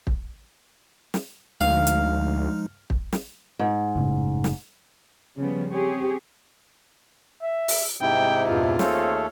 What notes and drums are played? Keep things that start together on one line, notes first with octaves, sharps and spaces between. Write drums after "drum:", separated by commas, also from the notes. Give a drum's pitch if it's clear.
drum: kick
drum: snare
D2 F3 G#3 D#4 F5
drum: hi-hat
drum: kick
drum: snare
G#2
F#1 A2 C#3
drum: snare
C#3 F3 G3 B3
C4 G4 G#4 C#5
E5
drum: open hi-hat
G#2 C3 D#4 E4 G5
E2 G2 A#2 F4
D#2 A3 C4 G#4 A4 C#5 F5, drum: snare